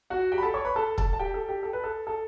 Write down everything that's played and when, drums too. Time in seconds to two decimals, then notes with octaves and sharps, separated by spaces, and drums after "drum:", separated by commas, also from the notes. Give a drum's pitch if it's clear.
0.10 F#4 F#5
0.32 G4 G5
0.38 B5
0.43 A4 A5
0.54 C#5 C#6
0.65 B4 B5
0.75 A4 A5
0.98 A4 A5, drum: kick
1.13 A5
1.19 G4 G5
1.34 A4
1.49 G4
1.63 A4
1.73 B4
1.84 A4
2.07 A4